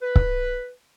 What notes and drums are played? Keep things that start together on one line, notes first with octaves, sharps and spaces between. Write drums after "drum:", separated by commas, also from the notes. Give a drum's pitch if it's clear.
B4
drum: kick C#1